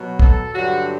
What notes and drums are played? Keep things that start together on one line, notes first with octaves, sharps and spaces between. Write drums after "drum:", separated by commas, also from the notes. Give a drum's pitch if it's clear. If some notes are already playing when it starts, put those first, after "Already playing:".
Already playing: B2 F#3
A4, drum: kick
G2 D3 F#3 F#4